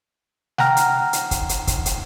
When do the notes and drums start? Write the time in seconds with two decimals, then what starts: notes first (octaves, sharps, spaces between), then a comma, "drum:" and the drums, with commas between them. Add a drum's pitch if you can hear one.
0.58 F#5 G5 A#5 F6, drum: snare
0.77 drum: hi-hat
1.13 drum: hi-hat
1.31 drum: kick, hi-hat
1.49 drum: hi-hat
1.67 drum: kick, hi-hat
1.86 drum: hi-hat